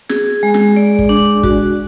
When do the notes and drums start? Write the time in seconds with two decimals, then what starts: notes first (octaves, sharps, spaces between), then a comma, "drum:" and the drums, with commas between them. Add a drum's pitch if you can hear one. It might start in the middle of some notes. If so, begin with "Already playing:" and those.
0.09 G#4, drum: snare
0.43 G#3
0.54 drum: snare
0.76 D5
0.99 drum: kick
1.09 D4
1.43 F#4, drum: kick